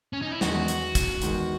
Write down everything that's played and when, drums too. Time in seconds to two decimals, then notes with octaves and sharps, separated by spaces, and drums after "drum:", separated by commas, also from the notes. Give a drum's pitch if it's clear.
0.13 C#4
0.22 D#4
0.32 E4
0.41 E2 D#3 G#3 F#4, drum: snare
0.68 drum: hi-hat
0.95 drum: kick, hi-hat
1.22 E2 D#3 G#3, drum: hi-hat